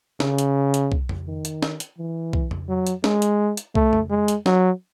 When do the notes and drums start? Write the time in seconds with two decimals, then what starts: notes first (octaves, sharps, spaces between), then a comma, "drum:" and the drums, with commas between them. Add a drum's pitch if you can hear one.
0.20 C#3, drum: snare
0.38 drum: hi-hat
0.74 drum: hi-hat
0.92 drum: kick
1.09 drum: tom F2
1.27 D#3
1.45 drum: hi-hat
1.62 drum: snare
1.80 drum: hi-hat
1.98 E3
2.33 drum: kick
2.51 drum: tom F2
2.69 F#3
2.87 drum: hi-hat
3.04 G#3, drum: snare
3.22 drum: hi-hat
3.57 drum: hi-hat
3.75 A3, drum: kick
3.93 drum: tom F2
4.10 G#3
4.28 drum: hi-hat
4.46 F#3, drum: snare